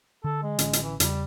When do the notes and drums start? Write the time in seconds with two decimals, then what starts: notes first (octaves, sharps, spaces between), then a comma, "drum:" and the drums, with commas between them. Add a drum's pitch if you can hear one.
0.24 D3 A4
0.43 G#3
0.59 A1 D3 C#4, drum: hi-hat
0.73 drum: hi-hat
0.83 E3
1.00 E2 C#3 G3, drum: hi-hat